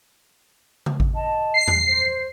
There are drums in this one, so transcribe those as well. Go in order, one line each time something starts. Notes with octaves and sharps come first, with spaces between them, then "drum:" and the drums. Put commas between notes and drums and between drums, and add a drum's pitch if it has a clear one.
drum: tom C#3
drum: kick G#1
D#5 A5
C7
drum: tom E2
C5